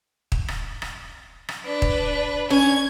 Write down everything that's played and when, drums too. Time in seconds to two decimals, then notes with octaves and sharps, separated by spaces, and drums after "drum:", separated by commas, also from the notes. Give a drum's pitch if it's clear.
0.32 drum: kick
0.48 drum: rim click
0.82 drum: rim click
1.49 drum: rim click
1.65 D4 B4
1.82 drum: kick
2.50 C#4 G#6